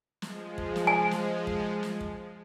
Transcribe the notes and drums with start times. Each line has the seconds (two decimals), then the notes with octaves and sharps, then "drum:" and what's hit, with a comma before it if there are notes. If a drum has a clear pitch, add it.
0.22 F3 G#3, drum: snare
0.58 drum: kick
0.76 drum: snare
0.87 G#5
1.11 drum: snare
1.47 drum: kick
1.83 drum: snare
2.01 drum: kick